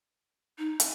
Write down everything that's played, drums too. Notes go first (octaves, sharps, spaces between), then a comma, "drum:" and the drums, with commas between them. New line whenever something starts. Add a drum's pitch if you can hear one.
D#4
drum: hi-hat